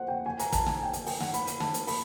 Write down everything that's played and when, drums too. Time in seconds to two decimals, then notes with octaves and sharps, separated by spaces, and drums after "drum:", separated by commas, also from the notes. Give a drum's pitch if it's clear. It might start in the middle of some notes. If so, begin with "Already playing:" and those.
Already playing: C5 F#5
0.08 G5
0.26 G#5
0.39 A#5, drum: hi-hat
0.52 A5, drum: kick, hi-hat
0.66 G#5, drum: snare
0.83 G5
0.93 G#5, drum: hi-hat
1.06 G5, drum: open hi-hat
1.20 F#5, drum: snare
1.34 B5, drum: hi-hat
1.47 B5, drum: hi-hat
1.60 A5, drum: snare
1.74 drum: hi-hat
1.87 B5, drum: open hi-hat